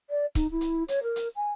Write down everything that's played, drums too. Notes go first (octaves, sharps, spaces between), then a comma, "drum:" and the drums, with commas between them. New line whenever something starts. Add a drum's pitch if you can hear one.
D5
D#4, drum: kick C#1, hi-hat
E4
drum: hi-hat
C#5, drum: hi-hat
A#4
drum: hi-hat
G#5